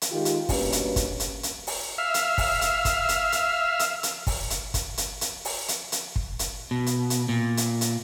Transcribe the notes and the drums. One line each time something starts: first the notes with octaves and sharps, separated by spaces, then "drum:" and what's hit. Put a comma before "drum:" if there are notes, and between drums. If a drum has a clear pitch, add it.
drum: hi-hat
D#3 G#3 F4 G4
drum: hi-hat
G2 B2 A#3 C#4 G4 B4, drum: kick, open hi-hat
drum: hi-hat
drum: kick, hi-hat
drum: hi-hat
drum: hi-hat
drum: open hi-hat
E5 F5
drum: hi-hat
drum: kick, open hi-hat
drum: hi-hat
drum: kick, hi-hat
drum: hi-hat
drum: hi-hat
drum: hi-hat
drum: hi-hat
drum: kick, open hi-hat
drum: hi-hat
drum: kick, hi-hat
drum: hi-hat
drum: hi-hat
drum: open hi-hat
drum: hi-hat
drum: hi-hat
drum: kick
drum: hi-hat
B2
drum: hi-hat
drum: hi-hat
A#2
drum: hi-hat
drum: hi-hat